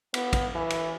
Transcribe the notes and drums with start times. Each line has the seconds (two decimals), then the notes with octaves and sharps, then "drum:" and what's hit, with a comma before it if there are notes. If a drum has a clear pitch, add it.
0.14 B3, drum: cymbal
0.33 drum: kick, cymbal
0.55 E3
0.70 drum: cymbal